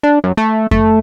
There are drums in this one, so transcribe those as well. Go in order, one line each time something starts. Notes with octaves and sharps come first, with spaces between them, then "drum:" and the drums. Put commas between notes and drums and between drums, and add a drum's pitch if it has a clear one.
D4
F#2
A3
A3, drum: kick F2